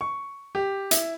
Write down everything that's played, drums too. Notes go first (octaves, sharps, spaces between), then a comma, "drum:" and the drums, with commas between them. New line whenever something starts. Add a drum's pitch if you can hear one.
C#6
G4
E4, drum: hi-hat